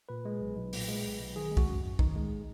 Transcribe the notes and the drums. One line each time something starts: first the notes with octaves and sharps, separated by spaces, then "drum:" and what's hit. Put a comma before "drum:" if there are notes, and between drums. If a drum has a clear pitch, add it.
A#2 B4
G#3
B1
B1
A#2, drum: open hi-hat
G#3
B1
B1
D#3 G#4
G#3
F#4, drum: kick
F#2
F#2
D#3 D#4, drum: kick
G#3